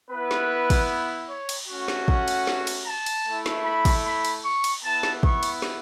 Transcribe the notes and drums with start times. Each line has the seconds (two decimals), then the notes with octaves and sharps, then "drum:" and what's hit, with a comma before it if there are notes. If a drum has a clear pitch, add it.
0.11 B3 E4 B4
0.31 drum: snare
0.70 drum: kick, cymbal
1.30 C#5
1.49 drum: cymbal
1.69 A3 C#4 F#4
1.88 drum: snare
2.08 F#5, drum: kick
2.28 drum: cymbal
2.47 drum: snare
2.67 drum: cymbal
2.86 A5
3.06 drum: cymbal
3.26 A3 E4
3.46 drum: snare
3.65 B5
3.85 drum: kick, cymbal
4.05 B5
4.25 drum: cymbal
4.45 C#6
4.64 drum: cymbal
4.83 B3 E4 A5
5.03 drum: snare
5.23 C#6, drum: kick
5.43 drum: cymbal
5.62 drum: snare